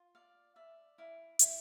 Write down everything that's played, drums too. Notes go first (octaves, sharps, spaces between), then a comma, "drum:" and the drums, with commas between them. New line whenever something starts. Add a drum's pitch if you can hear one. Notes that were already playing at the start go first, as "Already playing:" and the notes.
Already playing: F4
D5 F5
D5 E5
E4 F5
E4, drum: hi-hat